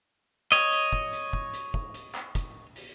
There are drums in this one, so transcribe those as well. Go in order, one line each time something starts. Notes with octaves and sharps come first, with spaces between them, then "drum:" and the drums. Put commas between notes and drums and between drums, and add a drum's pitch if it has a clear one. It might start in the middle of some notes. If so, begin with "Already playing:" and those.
C#5 D#5, drum: clap
drum: hi-hat
drum: kick
drum: hi-hat
drum: kick
drum: hi-hat
drum: kick
drum: hi-hat
drum: clap
drum: kick, hi-hat
drum: open hi-hat